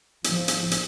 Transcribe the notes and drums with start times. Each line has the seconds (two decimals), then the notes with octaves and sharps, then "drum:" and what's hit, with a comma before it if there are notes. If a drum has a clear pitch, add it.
0.24 F3, drum: hi-hat
0.48 drum: hi-hat
0.71 drum: hi-hat